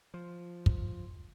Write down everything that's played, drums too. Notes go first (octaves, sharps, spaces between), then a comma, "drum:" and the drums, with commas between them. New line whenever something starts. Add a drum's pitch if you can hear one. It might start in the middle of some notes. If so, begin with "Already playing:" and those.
F3
drum: kick